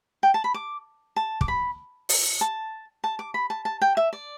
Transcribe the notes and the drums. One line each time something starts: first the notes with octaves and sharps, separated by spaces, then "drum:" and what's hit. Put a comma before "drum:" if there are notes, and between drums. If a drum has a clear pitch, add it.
G5
A5
B5
D6
A5
D6, drum: kick
B5
drum: open hi-hat
A5
A5
D6
B5
A5
A5
G5
E5
D5